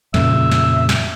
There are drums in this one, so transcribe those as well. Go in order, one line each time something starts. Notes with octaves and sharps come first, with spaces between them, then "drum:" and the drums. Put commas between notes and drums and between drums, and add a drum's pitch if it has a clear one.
F2 A#2 C#3 E5, drum: snare
drum: snare
drum: snare